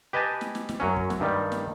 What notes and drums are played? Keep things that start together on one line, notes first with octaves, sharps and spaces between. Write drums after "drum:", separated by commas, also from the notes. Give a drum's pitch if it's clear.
G4 B4 D#5 G#5 A5
drum: snare
drum: snare
drum: snare
F#2 F#3 C#4
drum: kick
drum: snare
G2 D#3 G3
drum: snare